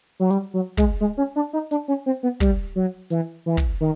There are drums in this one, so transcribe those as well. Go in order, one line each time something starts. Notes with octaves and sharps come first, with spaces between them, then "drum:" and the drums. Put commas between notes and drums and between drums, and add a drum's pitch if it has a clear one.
F#3
G3, drum: hi-hat
F#3
G#3, drum: kick, hi-hat
G#3
C#4
D4
D#4
D4, drum: hi-hat
C#4
C4
B3
G3, drum: kick
F#3
E3, drum: hi-hat
E3
drum: kick, hi-hat
D#3